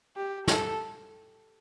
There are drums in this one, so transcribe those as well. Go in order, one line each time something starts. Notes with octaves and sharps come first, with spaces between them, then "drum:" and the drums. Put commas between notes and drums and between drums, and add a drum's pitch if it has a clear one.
G4
A4, drum: snare